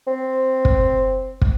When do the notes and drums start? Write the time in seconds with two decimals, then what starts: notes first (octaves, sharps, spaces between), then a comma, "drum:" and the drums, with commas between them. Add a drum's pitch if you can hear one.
0.07 C4
0.65 drum: kick
1.41 drum: kick